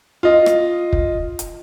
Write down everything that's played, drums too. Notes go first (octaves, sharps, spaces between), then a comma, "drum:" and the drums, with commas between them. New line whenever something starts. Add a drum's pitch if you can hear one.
F4 D#5
drum: rim click
drum: kick
drum: hi-hat